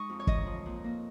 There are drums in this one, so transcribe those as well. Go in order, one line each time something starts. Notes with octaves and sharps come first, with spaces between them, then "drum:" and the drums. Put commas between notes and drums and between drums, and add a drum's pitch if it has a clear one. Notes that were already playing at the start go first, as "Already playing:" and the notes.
Already playing: G#3 D#4 C#6 D#6
F2
C#5
D#4 D#5, drum: kick
F3
A#2
A#3